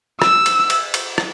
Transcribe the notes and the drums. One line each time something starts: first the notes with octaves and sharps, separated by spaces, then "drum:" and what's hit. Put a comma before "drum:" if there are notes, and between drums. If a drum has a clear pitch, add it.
E6, drum: rim click
drum: cymbal
drum: cymbal
drum: cymbal
drum: rim click